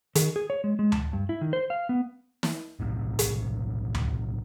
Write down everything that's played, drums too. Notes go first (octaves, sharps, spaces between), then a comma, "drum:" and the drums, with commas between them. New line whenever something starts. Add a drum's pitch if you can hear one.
D#3, drum: hi-hat
G#4
C#5
G#3
G#3
A5, drum: tom D2
G2
E4
D#3
C5
F5
B3
drum: snare
B1 A2 C3
drum: hi-hat
drum: tom D2